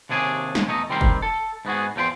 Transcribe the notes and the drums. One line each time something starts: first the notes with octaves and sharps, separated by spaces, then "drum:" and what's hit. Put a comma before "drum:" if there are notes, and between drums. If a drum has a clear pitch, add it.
D#2 C3 D4 G#4 C#5 G#5
drum: snare
E2 A3 D#4 G#4 D#5
D#3 G3 C4 G4 A#4 C6
drum: kick
A4
G#2 B3 F#4 G#4
E2 F3 G5 B5 C6